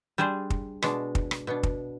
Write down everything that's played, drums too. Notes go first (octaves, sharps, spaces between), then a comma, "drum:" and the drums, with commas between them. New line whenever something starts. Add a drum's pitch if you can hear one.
G3 D4 G#4 C5
drum: kick
B2 G#3 D4, drum: rim click
drum: kick
drum: rim click
B2 B3 D4
drum: kick